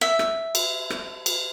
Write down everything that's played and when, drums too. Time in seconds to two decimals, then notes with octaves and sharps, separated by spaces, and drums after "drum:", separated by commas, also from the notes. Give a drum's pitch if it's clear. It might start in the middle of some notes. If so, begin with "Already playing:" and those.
0.01 E5
0.19 drum: rim click
0.55 drum: cymbal
0.90 drum: rim click
1.26 drum: cymbal